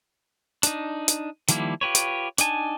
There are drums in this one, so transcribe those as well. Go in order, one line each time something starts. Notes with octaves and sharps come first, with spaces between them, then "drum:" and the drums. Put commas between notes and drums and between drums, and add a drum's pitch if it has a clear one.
D4 D#4, drum: hi-hat
drum: hi-hat
D#3 F3 G3 A#3 E4, drum: hi-hat
F4 G4 B4 C#5
drum: hi-hat
D4 D#4 G#5 A5, drum: hi-hat